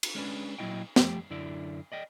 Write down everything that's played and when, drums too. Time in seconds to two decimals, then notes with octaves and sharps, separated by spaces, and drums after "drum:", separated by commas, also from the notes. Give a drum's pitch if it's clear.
0.03 drum: cymbal
0.15 G#3 C#4 D4 B4
0.58 A#2 F#3 B3 E4 D#5 G5
0.96 F3 A3 G4 G5, drum: snare
1.30 F#2 D3 E4 D5
1.92 D5 D#5 G5